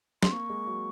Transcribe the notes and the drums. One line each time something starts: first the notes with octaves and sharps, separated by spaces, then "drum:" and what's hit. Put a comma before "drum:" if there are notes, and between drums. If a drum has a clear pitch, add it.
C4 C6, drum: snare
A#3 C#6
G#3
F#3